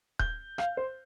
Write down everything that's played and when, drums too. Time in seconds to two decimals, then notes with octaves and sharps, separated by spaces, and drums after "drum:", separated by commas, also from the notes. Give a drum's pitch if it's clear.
0.19 G6, drum: kick D#1
0.58 F5, drum: rim click
0.77 C5